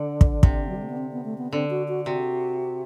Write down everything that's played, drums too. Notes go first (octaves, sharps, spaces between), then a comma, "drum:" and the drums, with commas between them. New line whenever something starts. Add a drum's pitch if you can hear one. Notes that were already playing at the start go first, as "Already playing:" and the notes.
Already playing: D3 D4
drum: kick
C3, drum: kick
F#3
G3
A3
B3
C4
B3
A3
B3
D3 C4
F#4
F#4
C3 F#4